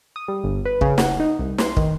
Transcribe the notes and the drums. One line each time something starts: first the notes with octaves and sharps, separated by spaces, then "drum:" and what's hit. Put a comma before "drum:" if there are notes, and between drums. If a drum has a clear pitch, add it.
D#6
G3
G1
B4
C#3, drum: kick
F#5, drum: snare
D#4
C2
C6, drum: snare
D#3, drum: kick